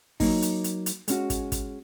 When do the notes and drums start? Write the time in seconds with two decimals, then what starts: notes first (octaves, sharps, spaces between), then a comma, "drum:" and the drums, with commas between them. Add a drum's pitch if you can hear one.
0.20 F#3 A#3 D#4, drum: kick, open hi-hat
0.42 drum: hi-hat
0.64 drum: hi-hat
0.86 drum: hi-hat
1.08 G#3 C#4 F#4, drum: hi-hat
1.30 drum: kick, hi-hat
1.52 drum: kick, hi-hat